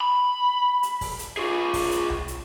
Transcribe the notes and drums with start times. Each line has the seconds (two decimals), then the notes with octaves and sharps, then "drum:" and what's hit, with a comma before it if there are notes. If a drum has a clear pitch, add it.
0.01 B5
0.83 drum: hi-hat
1.01 drum: kick, open hi-hat
1.19 drum: hi-hat
1.37 F4 G#4
1.74 drum: kick, open hi-hat
1.92 drum: hi-hat
2.10 drum: tom C2
2.28 drum: hi-hat